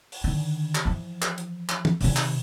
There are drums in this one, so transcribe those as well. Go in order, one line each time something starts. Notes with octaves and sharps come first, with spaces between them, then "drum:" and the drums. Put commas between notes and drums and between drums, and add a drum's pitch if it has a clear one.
drum: open hi-hat
D3 D#3
drum: clap
E3 F3
drum: clap
drum: hi-hat
drum: clap
drum: tom
C3 D#3, drum: open hi-hat
drum: clap